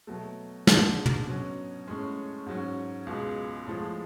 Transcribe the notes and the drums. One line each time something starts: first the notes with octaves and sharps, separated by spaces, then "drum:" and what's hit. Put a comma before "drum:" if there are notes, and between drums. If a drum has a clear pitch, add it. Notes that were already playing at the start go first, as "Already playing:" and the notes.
B2 F#3 A3
G#2 G#3 D4, drum: snare
drum: tom
B2 F#3 C#4
A2 G#3 C#4
G#2 F#3 C#4
C#2 B2 G#3
A2 F3 G#3